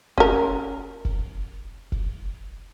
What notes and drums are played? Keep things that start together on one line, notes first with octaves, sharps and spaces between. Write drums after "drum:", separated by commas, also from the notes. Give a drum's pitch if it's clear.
C#4 A#4, drum: kick
drum: kick
drum: kick